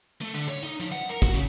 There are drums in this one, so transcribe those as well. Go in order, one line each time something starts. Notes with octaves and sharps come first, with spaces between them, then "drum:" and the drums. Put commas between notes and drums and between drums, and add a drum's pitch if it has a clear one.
A3
D3
C#5
D#4
F3
F#5, drum: hi-hat
A#4
F#4, drum: kick
C#3